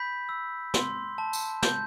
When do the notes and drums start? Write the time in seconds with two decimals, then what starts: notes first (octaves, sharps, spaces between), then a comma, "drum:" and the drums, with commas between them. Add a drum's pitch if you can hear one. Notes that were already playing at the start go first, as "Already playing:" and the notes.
Already playing: B5 G6 B6
0.29 E6
0.74 C6, drum: snare
1.18 A5
1.33 drum: tambourine
1.62 G6, drum: snare